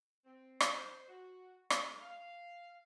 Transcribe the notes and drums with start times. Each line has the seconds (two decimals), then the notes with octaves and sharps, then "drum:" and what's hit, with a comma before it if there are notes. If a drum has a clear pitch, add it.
0.24 C4
0.60 drum: rim click
0.73 C5
1.08 F#4
1.70 A3, drum: rim click
2.01 F5